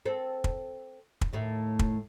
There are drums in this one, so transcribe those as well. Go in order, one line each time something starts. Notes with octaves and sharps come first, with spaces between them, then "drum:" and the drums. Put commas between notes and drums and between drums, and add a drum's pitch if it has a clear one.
C4 A4
drum: kick
drum: kick
D#2 A2 A3
drum: kick